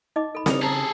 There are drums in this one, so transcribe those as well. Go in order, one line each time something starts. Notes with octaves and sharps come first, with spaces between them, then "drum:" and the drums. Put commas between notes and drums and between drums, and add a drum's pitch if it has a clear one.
D#4 D#5 D6
A4 B5
C#3 D4 D#4 D#6 F7, drum: snare C4
G#4 A4 A#5